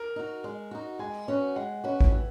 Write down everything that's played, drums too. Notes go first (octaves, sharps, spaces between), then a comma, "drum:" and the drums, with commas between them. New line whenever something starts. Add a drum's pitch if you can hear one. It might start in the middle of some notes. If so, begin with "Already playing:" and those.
Already playing: A#4
D#4 F#4
G#3
D#4 F#4
G#3 G#5
C#4 F#4 B4
G#3 F#5
C#4 F#4 B4
drum: kick A1
E3